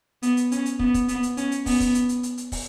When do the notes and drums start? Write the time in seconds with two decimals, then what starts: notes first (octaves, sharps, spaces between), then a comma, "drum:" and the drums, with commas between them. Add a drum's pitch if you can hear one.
0.23 B3, drum: hi-hat
0.37 drum: hi-hat
0.52 C#4, drum: hi-hat
0.66 drum: hi-hat
0.79 B3, drum: kick
0.94 drum: kick, hi-hat
1.08 B3, drum: hi-hat
1.23 drum: hi-hat
1.37 C#4, drum: hi-hat
1.52 drum: hi-hat
1.66 B3, drum: kick, open hi-hat
1.80 drum: kick, hi-hat
1.95 drum: hi-hat
2.09 drum: hi-hat
2.23 drum: hi-hat
2.38 drum: hi-hat
2.52 drum: kick, open hi-hat